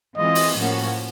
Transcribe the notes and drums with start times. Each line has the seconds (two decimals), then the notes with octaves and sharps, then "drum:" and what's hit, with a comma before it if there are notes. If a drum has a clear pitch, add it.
0.17 E3 G#3 C4 F4 D#5
0.35 drum: open hi-hat
0.55 A2 F3 A#3 C#4 F#4